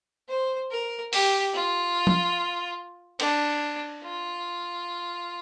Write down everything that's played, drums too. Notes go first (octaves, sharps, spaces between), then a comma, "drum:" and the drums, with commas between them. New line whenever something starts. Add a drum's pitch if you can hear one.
C5
A#4
G4, drum: open hi-hat
F4
drum: tom
D4, drum: cymbal
F4